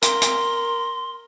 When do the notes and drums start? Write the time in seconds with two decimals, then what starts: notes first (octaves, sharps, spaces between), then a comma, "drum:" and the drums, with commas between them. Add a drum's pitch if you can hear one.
0.02 A#4 C6, drum: hi-hat
0.22 drum: hi-hat